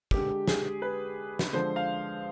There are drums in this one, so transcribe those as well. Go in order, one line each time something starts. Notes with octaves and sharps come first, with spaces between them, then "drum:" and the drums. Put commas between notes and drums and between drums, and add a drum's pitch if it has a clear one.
D3 G#3 G4, drum: kick
G#4, drum: snare
B4
drum: snare
D3 F3 G#3 C5
F5